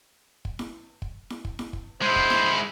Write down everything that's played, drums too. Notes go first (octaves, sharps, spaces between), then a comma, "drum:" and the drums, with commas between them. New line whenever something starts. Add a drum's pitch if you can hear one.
drum: kick
drum: snare E4
drum: kick
drum: snare E4
drum: kick
drum: snare E4
drum: kick
G#3 E4 C5
drum: kick
drum: snare E4